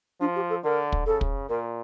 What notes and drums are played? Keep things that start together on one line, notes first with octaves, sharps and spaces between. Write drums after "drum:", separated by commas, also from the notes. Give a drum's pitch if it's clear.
F3 D4
G4
A4
D3 A#4
drum: kick
C#3 A4
drum: kick
A#2 A#4